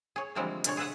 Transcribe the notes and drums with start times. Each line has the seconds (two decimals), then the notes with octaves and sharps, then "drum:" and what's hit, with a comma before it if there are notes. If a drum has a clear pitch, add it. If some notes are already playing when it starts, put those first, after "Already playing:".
0.16 G#4 C#5
0.35 D3 E3 F3 G3 G#3 C4
0.64 B2 D3 G#3 C#5, drum: hi-hat
0.77 G#4 A4 B4 E5 F#5